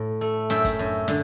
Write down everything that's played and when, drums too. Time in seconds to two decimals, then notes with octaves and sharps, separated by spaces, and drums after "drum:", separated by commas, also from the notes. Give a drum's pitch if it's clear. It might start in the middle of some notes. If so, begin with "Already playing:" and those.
Already playing: A2
0.21 A3
0.50 F#2 E5 G5, drum: snare
0.65 drum: kick, hi-hat
0.79 F#2
1.08 D3, drum: snare